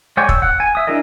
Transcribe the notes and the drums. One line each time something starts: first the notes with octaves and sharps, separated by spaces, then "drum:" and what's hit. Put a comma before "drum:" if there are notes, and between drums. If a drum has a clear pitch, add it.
G#3 C#5 D5 G5 G#5
E6, drum: kick
F#5
G#5
E5 D#6
D4 E4 G#4 A#4 D#5